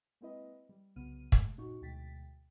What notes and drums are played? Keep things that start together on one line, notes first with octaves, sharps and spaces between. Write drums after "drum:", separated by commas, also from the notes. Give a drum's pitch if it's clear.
G#3 A#3 C4 E4 B4 D#5
G3
C2 C#3 F#3 B3 F6 D#7
G#3 A3, drum: kick
F#2 A#2 C#4 D#4 F#4 C#6
D2 B2 G#3 G5 A6 B6